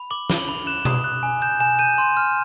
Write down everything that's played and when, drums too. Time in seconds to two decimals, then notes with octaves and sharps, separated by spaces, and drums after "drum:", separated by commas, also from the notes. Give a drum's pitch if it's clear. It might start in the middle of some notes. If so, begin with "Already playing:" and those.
Already playing: B5
0.11 D6 F#7
0.30 B5 G7, drum: snare
0.39 F#7
0.48 B5 F7
0.67 F#6 E7
0.85 D#6, drum: tom B2
1.04 F#6
1.23 G#5
1.42 G6 E7
1.60 G#5 E7
1.79 G6 D#7
1.98 C6
2.17 F6